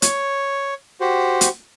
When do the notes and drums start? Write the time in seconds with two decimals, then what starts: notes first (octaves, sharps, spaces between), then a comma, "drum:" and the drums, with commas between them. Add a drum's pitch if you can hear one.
0.02 C#5, drum: hi-hat
1.01 F#4 G4 C5
1.41 drum: hi-hat